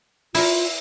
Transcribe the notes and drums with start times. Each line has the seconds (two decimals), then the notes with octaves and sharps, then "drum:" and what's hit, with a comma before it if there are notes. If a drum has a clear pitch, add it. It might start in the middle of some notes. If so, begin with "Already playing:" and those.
0.35 E4 F4 A#4, drum: open hi-hat